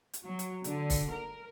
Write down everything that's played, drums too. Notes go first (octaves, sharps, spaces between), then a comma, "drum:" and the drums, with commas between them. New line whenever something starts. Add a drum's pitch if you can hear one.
drum: hi-hat
F#3
drum: hi-hat
D3, drum: hi-hat
drum: kick C#1, open hi-hat
A#4